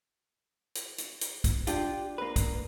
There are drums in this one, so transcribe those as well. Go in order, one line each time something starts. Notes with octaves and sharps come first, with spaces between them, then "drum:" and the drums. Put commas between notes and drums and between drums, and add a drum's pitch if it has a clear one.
drum: hi-hat
drum: hi-hat
drum: hi-hat
drum: kick, hi-hat
D4 F4 G4, drum: hi-hat
A#3 B4
drum: kick, hi-hat